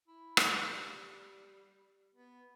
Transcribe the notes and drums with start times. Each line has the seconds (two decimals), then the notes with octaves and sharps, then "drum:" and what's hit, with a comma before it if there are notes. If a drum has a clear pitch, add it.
0.08 E4
0.37 drum: rim click
0.62 G3
2.14 B3